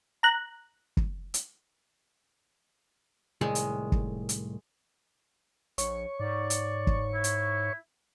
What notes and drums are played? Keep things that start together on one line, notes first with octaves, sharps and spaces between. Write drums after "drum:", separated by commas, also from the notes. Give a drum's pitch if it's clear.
A#5 F#6
drum: kick
drum: hi-hat
C2 A2 D#3 G#3
drum: hi-hat
drum: kick
drum: hi-hat
A#1 C#5 C#6, drum: hi-hat
G#2 D5
drum: hi-hat
drum: kick
E4
drum: hi-hat